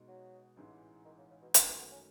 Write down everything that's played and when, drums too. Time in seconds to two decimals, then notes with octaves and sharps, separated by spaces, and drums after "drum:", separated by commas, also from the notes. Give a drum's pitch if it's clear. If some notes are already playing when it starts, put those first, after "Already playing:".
Already playing: B2 G#3 D#4
0.08 F#3
0.57 A1 G#2 E3 G#3
1.05 D#3
1.18 C#3
1.30 C#3
1.42 B2
1.54 F#2 A2 D#3 F#3 A3, drum: hi-hat
1.66 E3
1.79 B3
1.91 C#4